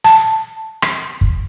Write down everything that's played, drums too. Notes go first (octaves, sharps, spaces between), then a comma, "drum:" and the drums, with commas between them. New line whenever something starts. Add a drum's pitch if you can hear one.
A5
drum: rim click
drum: kick